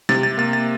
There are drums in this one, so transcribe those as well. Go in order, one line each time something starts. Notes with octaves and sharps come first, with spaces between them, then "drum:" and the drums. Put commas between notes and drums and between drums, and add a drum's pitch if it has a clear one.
C3 A6, drum: snare
A6
A#3 A6
A6